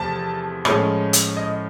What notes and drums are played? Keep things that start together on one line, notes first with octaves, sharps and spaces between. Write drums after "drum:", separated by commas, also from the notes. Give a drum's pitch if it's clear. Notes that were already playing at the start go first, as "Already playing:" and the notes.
Already playing: E2 C3 F3 A3 A5
A2 F3 G#3 C#4, drum: rim click
drum: hi-hat
D#5